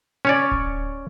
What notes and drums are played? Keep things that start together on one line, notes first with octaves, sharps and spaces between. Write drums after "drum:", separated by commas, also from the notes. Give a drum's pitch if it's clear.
C#4 C#5 D5
drum: kick D1